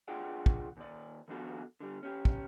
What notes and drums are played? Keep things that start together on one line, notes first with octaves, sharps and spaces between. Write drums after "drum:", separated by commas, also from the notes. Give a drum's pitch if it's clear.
D4 F4 G#4 D5 F#5 G5
drum: kick
D#2 D5
D#3 F3 B3 D4 F#4 A4
D3 G3
C#4 G4
drum: kick